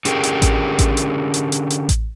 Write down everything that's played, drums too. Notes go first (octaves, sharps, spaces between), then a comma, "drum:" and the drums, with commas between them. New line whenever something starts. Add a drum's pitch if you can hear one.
D3 C#4 G4 G#4 A#4, drum: hi-hat
drum: hi-hat
drum: kick A1, hi-hat
drum: kick A1, hi-hat
drum: hi-hat
drum: hi-hat
drum: hi-hat
drum: hi-hat
drum: kick A1, hi-hat